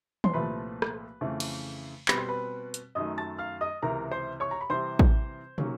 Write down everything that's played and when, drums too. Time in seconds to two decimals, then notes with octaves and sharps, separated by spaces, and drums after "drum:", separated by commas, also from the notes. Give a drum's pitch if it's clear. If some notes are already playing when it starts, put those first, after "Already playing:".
0.24 C6, drum: tom D#3
0.34 C2 A#2 F3 A3 B4 B5
0.82 drum: rim click
1.21 F2 C#3 E3 A3
1.40 drum: cymbal
2.08 B2 G3 C4 B5, drum: clap
2.18 C6
2.29 B4 B5
2.74 drum: hi-hat
2.95 F#2 D#3 F#3 A3 D#5 D#6
3.18 A5 A6
3.39 F5 F6
3.61 D#5 D#6
3.82 C#2 C3 E3 A#4 A#5
4.11 C5 C6
4.40 C#5 C#6
4.51 A#5
4.61 B5
4.69 C3 E3 G3 C4 C5 C6
4.99 drum: kick
5.58 D#3 F#3 A#3 C#4, drum: tom